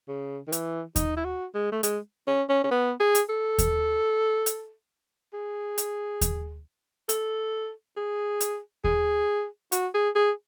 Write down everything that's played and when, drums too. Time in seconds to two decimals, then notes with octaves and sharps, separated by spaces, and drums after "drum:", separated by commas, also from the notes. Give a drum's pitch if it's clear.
0.08 C#3
0.48 D#3
0.52 E3, drum: hi-hat
0.96 D#4, drum: kick D#2, hi-hat
1.17 E4
1.25 F#4
1.54 G#3
1.72 A3
1.83 G#3, drum: hi-hat
2.27 C#4
2.49 C#4
2.64 C#4
2.71 B3
3.00 G#4
3.15 drum: hi-hat
3.29 A4
3.58 drum: kick D#2, hi-hat
4.46 drum: hi-hat
5.33 G#4
5.78 drum: hi-hat
6.21 drum: kick D#2, hi-hat
7.09 A4, drum: hi-hat
7.97 G#4
8.40 drum: hi-hat
8.84 G#4, drum: kick D#2
9.72 F#4, drum: hi-hat
9.94 G#4
10.16 G#4